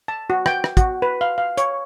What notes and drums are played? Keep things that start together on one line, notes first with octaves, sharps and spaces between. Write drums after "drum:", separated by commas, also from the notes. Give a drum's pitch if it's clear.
A5
F#4
G5, drum: rim click
drum: rim click
F#4, drum: kick, hi-hat
B4
F5
F5
C#5, drum: hi-hat